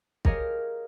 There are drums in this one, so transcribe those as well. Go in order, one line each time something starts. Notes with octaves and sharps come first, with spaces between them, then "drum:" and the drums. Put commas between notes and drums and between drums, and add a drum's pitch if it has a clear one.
G4 G#4 A#4 C#5 D#5 F5, drum: kick